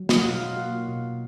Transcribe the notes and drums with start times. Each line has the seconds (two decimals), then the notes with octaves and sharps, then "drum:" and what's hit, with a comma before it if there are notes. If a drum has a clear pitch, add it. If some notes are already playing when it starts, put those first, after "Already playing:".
Already playing: F#3
0.09 D#4 D#5, drum: snare
0.19 F#5
0.25 B2 F4 F5
0.41 F4 F5
0.57 A#3 F#4 F#5
0.89 B2